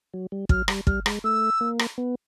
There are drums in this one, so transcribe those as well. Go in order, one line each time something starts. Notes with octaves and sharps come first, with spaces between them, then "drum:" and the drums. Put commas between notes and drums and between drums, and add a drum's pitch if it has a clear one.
F#3
G3
F#3 F6, drum: kick
G3, drum: rim click
G3 F6, drum: kick
G#3, drum: rim click
A3 E6
A#3
drum: rim click
B3